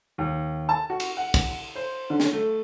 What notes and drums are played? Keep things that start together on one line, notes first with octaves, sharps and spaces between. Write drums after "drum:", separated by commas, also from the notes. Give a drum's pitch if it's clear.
D#2
A5
F#4
drum: cymbal
F#5
drum: kick, cymbal
C5
D3
drum: snare
A3